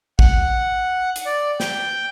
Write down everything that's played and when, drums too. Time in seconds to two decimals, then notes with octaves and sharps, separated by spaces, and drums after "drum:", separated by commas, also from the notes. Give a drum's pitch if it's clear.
0.19 F#5, drum: kick
1.16 drum: hi-hat
1.26 D5
1.60 G5, drum: snare